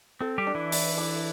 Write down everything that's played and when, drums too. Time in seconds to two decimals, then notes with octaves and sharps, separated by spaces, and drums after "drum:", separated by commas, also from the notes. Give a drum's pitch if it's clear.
0.21 C4 A4
0.38 G3 G4
0.47 D4
0.55 E3 E4
0.72 D4, drum: open hi-hat
0.98 D4